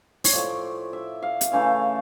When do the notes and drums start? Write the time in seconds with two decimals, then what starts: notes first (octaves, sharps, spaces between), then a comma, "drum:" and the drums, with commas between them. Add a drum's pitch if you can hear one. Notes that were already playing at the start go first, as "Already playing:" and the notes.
0.24 C#5, drum: open hi-hat
0.33 A2 F3 A3 D5
0.93 E5
1.22 F5
1.41 drum: hi-hat
1.52 C#3 E3 A3 F5